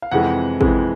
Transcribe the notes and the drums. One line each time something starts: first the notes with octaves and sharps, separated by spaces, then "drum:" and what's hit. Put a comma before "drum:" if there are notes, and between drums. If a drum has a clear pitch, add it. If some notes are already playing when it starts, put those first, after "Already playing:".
F5
F2 C3 E3 G#3 F#5
F2 C3 E3 G#3, drum: kick